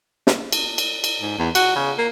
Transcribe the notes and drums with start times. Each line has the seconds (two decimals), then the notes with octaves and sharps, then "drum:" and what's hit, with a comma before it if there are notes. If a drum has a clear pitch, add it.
0.27 drum: snare
0.52 drum: cymbal
0.78 drum: cymbal
1.04 drum: cymbal
1.21 G#2
1.38 E2
1.55 F#4, drum: cymbal
1.76 C#3
1.98 A#3